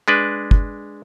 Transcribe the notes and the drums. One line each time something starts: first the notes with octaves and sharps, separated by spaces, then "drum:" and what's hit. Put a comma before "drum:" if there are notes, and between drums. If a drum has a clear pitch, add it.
G#3 D4 B4
drum: kick